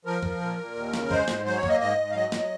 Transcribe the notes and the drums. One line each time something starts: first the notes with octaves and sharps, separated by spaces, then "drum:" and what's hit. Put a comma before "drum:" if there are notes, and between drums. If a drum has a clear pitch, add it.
F3 A#4
F3, drum: kick
A#2
A#2
D#2
C#3, drum: snare
G#3 C5, drum: kick
G#2, drum: snare
F#3 C5
C#5
A#3, drum: kick
D#5
G#2 D#5
G#2
F5
F#3 D#5
F#3, drum: snare